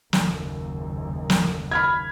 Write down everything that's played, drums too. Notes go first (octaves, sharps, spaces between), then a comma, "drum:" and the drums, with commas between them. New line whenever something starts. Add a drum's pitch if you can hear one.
F#1 D#2, drum: snare
drum: snare
B5 F6 G#6